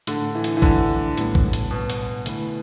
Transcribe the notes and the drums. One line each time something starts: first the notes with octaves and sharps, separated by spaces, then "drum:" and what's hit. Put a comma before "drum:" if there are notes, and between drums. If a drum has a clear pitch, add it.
A2 D3 A3 D4 A4, drum: hi-hat
E3
drum: hi-hat
E3
D3, drum: kick A#1
A2 G3 B3, drum: hi-hat
drum: kick A#1
drum: hi-hat
B2
drum: hi-hat
D3 A3 E4 B4, drum: hi-hat